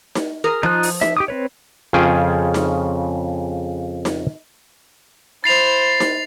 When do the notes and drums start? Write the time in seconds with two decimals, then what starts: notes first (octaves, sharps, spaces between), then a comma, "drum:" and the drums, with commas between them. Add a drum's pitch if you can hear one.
0.15 drum: snare D#4
0.44 G#4 A#4
0.63 F3 D#4 F4 F#6
0.83 drum: open hi-hat
1.01 E5, drum: snare D#4
1.17 G4 D6 D#6
1.28 C4 B4 C#5
1.93 F2 C#3 C#4 F4 G#4 G5
2.54 drum: snare D#4
4.05 drum: snare D#4
5.44 E4 C5 A6 C7 F7
6.00 drum: snare D#4